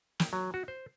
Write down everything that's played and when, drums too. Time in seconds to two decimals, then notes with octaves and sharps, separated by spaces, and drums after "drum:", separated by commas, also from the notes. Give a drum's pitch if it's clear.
0.20 G5, drum: snare
0.33 F#3
0.54 F#4
0.68 C5